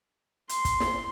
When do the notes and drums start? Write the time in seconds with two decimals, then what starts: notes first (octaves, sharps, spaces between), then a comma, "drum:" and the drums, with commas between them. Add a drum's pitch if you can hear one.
0.49 C6, drum: hi-hat
0.65 drum: kick, hi-hat
0.80 drum: snare